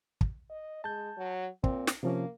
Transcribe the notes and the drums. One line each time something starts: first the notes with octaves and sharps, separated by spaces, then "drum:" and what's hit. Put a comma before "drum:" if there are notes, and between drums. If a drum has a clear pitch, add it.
drum: kick
D#5
G#3 A5 G6
F#3
A#2 C4, drum: kick
drum: snare
C3 F3 A#3 C#4